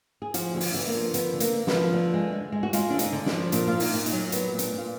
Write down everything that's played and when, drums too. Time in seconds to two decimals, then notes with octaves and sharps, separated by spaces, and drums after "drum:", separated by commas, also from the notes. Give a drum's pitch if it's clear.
0.22 G#4
0.34 F3 F#4, drum: hi-hat
0.54 D3 G#4
0.61 F#4, drum: open hi-hat
0.74 D3 B3
0.87 A#3
0.94 F3
1.14 D3 B3, drum: hi-hat
1.33 D3
1.40 A#3, drum: hi-hat
1.53 D3
1.67 B3, drum: snare
1.74 F3
1.93 D3 D4
2.14 G#3
2.32 G#3
2.52 G#3
2.63 F#4
2.73 G#3 F4, drum: hi-hat
2.90 D3 D4
2.99 D#4, drum: hi-hat
3.12 D3
3.26 D4, drum: snare
3.33 F3
3.52 A#2 D4, drum: hi-hat
3.67 A#2 F4
3.80 D#4, drum: open hi-hat
3.93 A#2
4.06 D#4, drum: hi-hat
4.13 F#3
4.32 A#2 B3, drum: hi-hat
4.52 A#2
4.59 D4, drum: hi-hat
4.72 A#2
4.78 F4